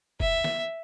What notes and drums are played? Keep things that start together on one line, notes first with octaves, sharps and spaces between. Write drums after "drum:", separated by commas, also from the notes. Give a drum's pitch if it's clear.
E5, drum: kick F1
drum: snare